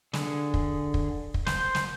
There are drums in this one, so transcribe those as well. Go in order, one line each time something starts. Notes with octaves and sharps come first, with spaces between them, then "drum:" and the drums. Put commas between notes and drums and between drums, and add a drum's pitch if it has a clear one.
D3 G#4, drum: snare
drum: kick
drum: kick
drum: kick
C5, drum: snare
drum: snare